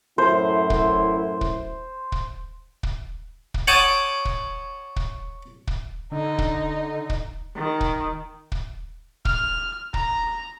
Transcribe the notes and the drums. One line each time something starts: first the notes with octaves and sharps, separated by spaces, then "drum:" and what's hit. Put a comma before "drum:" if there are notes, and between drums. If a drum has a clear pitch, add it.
F#2 A2 E4 C5
drum: kick
drum: kick
drum: kick
drum: kick
drum: kick
C#5 F#5 G5 A5 D6 D#6
drum: kick
drum: kick
drum: kick
D3 D#4
drum: kick
drum: kick
D#3
drum: kick
drum: kick
F6, drum: kick
A#5, drum: kick